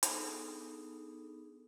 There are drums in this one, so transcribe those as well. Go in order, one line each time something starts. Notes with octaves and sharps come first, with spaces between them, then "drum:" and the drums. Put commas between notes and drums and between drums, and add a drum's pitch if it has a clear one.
B3 D4 D#4 G#4 A4, drum: hi-hat